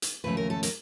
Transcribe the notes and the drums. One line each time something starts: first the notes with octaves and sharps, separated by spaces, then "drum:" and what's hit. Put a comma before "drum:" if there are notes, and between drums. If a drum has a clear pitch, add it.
drum: hi-hat
D#2 C#3 F3 A3 C#4 B4
A#4
A4
A#4, drum: hi-hat